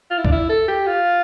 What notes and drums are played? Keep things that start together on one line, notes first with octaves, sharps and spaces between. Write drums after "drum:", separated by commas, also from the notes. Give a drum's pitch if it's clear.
F4
E4
D4, drum: kick
E4
A4
G4
F4